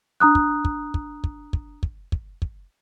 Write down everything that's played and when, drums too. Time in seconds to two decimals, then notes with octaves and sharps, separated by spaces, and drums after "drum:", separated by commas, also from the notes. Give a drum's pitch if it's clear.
0.20 D4 A#5 D#6 F#6
0.35 drum: kick
0.65 drum: kick
0.94 drum: kick
1.24 drum: kick
1.53 drum: kick
1.83 drum: kick
2.12 drum: kick
2.42 drum: kick